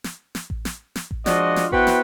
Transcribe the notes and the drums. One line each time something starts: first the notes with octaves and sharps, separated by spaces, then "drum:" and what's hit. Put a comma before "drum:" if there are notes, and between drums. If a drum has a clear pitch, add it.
drum: snare
drum: snare
drum: kick A1
drum: snare
drum: snare
drum: kick A1
F3 G#3 D4 F4 F#4 D#5, drum: snare
drum: snare
B3 E4 F#4 B4 C5 G5, drum: kick A1
drum: snare